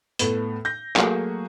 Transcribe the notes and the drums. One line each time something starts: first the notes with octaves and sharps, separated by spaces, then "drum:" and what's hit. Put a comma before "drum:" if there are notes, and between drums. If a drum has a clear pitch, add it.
A2 A3 B3, drum: hi-hat
G6 A#6
F#3 A3 A#3 F#4 G#4, drum: clap